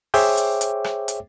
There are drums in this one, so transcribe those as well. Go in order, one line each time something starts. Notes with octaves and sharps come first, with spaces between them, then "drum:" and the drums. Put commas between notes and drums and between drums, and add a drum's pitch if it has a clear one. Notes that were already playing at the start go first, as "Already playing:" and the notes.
G#4 C5 C#5 E5 G5 D6, drum: open hi-hat
drum: hi-hat
drum: hi-hat
drum: rim click
drum: hi-hat